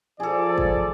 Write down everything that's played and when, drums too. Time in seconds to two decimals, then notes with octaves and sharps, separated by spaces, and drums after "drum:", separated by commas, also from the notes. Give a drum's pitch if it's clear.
0.20 F3 G#4 A4 D5
0.58 drum: kick